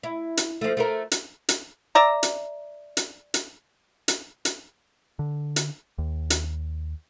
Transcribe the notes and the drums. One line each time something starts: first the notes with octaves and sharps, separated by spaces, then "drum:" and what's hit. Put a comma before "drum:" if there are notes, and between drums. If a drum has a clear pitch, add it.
E4
drum: hi-hat
F3 A3
A3 F4 A#4
drum: hi-hat
drum: hi-hat
D5 E5 A#5
drum: hi-hat
drum: hi-hat
drum: hi-hat
drum: hi-hat
drum: hi-hat
D3
drum: hi-hat
D#2
drum: hi-hat